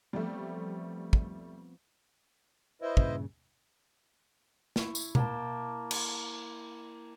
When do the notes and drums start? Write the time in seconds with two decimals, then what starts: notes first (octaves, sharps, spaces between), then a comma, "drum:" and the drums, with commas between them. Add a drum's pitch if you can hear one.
0.13 F3 G3 A3 B3 C4
1.13 drum: kick
2.82 E4 B4 C5 D#5
2.97 G2 A#2 C#3, drum: kick
4.76 E4 C#6, drum: snare
4.95 drum: tambourine
5.15 A#3 G5 A5, drum: tom B2
5.91 drum: cymbal